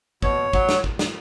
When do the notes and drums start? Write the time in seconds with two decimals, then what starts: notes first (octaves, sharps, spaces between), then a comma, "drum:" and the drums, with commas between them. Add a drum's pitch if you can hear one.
0.22 B2 C#5, drum: kick
0.53 F#3, drum: kick
0.69 drum: snare
0.84 drum: kick
0.99 drum: snare